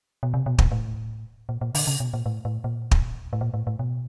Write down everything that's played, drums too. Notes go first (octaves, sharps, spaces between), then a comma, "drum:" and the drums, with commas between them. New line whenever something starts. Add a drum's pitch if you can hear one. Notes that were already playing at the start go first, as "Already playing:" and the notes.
B2
C3
B2
A#2, drum: kick
A2
A#2
A#2
D3, drum: open hi-hat
C#3
B2
A#2
A2
A2
A#2
drum: kick
A2
A#2
A2
A2
B2